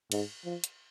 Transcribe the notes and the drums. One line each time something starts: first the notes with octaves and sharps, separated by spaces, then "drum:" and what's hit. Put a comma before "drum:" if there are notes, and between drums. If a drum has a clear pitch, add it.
G#2, drum: cymbal
F3
drum: hi-hat